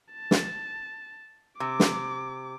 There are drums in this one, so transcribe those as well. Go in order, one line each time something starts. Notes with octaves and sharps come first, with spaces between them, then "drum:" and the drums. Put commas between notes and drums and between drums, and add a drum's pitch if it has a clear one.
A5
drum: snare
C3 D6
drum: snare